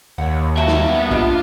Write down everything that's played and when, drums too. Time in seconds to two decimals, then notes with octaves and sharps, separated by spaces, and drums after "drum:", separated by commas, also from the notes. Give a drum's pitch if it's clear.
0.18 D#2 C#5 F#5
0.57 G3 A#3 F#4 E5 A5
0.68 drum: snare
0.88 B3
1.11 A#3 D4 F4 D#5, drum: kick